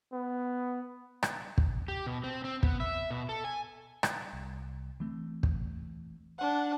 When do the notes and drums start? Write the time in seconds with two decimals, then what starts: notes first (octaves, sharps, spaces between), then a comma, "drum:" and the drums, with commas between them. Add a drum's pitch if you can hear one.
0.13 B3
1.23 drum: rim click
1.58 drum: kick
1.88 G4
2.06 B2
2.24 C4
2.45 C4
2.63 B3, drum: kick
2.80 E5
3.10 B2
3.29 A4
3.44 G#5
4.03 drum: rim click
4.33 C2
5.00 E3 A3 C4
5.43 drum: kick
6.38 D4 F#5